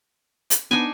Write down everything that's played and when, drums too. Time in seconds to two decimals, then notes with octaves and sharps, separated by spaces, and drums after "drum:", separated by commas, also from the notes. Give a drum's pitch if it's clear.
0.50 drum: hi-hat
0.71 B3 D4 D#4 G#5